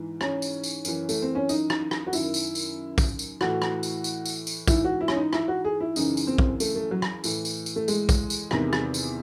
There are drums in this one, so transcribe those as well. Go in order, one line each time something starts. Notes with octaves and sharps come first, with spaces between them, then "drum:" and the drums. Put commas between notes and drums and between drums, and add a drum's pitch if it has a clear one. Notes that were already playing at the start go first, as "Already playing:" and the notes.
Already playing: G#2 E3
C#4, drum: rim click
drum: tambourine
drum: tambourine
F#2 E3, drum: tambourine
A3, drum: tambourine
C4
C#4
D#4, drum: tambourine
drum: rim click
drum: rim click
F#4
F#2 D#3 E4, drum: tambourine
drum: tambourine
drum: tambourine
drum: kick, tambourine
drum: tambourine
A2 E3 F#4, drum: rim click
drum: rim click
drum: tambourine
drum: tambourine
drum: tambourine
drum: tambourine
G#2 E3 E4, drum: kick, tambourine
F#4
E4
C#4, drum: rim click
D#4
E4, drum: rim click
F#4
G#4
E4
F#2 C#3 E3 D#4, drum: tambourine
drum: tambourine
C4
drum: kick
A3, drum: tambourine
A3
F#3
drum: rim click
A2 E3, drum: tambourine
drum: tambourine
drum: tambourine
A3
G#3, drum: tambourine
drum: kick, tambourine
drum: tambourine
E2 C3 D#3, drum: rim click
drum: rim click
drum: tambourine